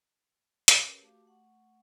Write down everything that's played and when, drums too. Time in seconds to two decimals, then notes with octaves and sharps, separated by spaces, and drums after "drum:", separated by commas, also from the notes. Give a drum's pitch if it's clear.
0.68 drum: hi-hat
0.81 C#4 G4 G#4 A#4 B4 C#5
1.01 A3 F#4 G4 F5 A5 D6
1.25 A3 F#5 C#6